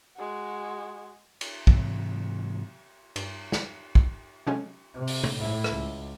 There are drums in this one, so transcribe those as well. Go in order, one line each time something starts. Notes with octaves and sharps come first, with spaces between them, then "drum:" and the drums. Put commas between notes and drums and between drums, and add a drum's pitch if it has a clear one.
G#3 F#4
drum: cymbal
G#2 C3 E3 F#3, drum: kick
G2, drum: cymbal
drum: snare
drum: kick
C3 F#3 G#3 A3 C#4
C3
drum: open hi-hat
drum: tom C3
A2 E4
drum: rim click
C#2